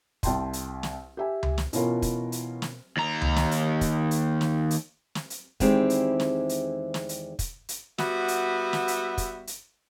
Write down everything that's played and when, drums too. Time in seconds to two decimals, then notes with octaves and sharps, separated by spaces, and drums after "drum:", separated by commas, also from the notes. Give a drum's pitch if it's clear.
0.23 C2 G5 A5 C6, drum: kick, hi-hat
0.53 drum: hi-hat
0.83 drum: snare
1.17 G4 E5 G#5
1.43 drum: tom C#2
1.58 drum: snare
1.73 B2 E3 B3 C#4 F4 A#4, drum: hi-hat
2.02 drum: kick, hi-hat
2.32 drum: hi-hat
2.62 drum: snare
2.97 D#2 A#5
3.22 drum: tom C#2
3.36 drum: snare
3.51 drum: hi-hat
3.81 drum: kick, hi-hat
4.11 drum: hi-hat
4.41 drum: snare
4.71 drum: hi-hat
5.15 drum: snare
5.30 drum: hi-hat
5.60 E2 D#3 G#3 C4 E4 G4, drum: kick, hi-hat
5.90 drum: hi-hat
6.20 drum: snare
6.49 drum: hi-hat
6.94 drum: snare
7.09 drum: hi-hat
7.39 drum: kick, hi-hat
7.69 drum: hi-hat
7.98 G3 B3 F#4 E5, drum: snare
8.28 drum: hi-hat
8.73 drum: snare
8.88 drum: hi-hat
9.18 drum: kick, hi-hat
9.47 drum: hi-hat